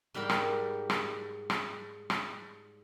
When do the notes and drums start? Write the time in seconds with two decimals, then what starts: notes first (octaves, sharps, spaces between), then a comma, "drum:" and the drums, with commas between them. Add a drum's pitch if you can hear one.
0.14 G#2 G3 G4 A#4 B5
0.29 drum: rim click
0.90 drum: rim click
1.50 drum: rim click
2.10 drum: rim click